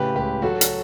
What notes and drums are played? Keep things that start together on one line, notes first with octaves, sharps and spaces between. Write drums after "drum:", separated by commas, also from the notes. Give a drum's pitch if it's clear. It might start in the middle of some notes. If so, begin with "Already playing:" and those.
Already playing: A2 C#3 G4 B4
C#2 G4 B4
F#3 F#4 A4
drum: hi-hat